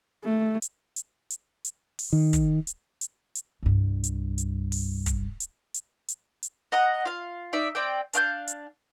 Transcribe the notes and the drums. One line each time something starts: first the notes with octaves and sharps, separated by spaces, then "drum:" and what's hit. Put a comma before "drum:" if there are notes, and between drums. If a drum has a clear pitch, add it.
A3
drum: hi-hat
drum: hi-hat
drum: hi-hat
drum: hi-hat
drum: open hi-hat
D#3
drum: kick, hi-hat
drum: hi-hat
drum: hi-hat
drum: hi-hat
C2 G2
drum: hi-hat
drum: hi-hat
drum: open hi-hat
drum: kick, hi-hat
drum: hi-hat
drum: hi-hat
drum: hi-hat
drum: hi-hat
D#5 F#5 A#5 D#6
F4 F5
D#4 D5 E5
C4 D5 G5
D4 F5 D6 G6, drum: hi-hat
drum: hi-hat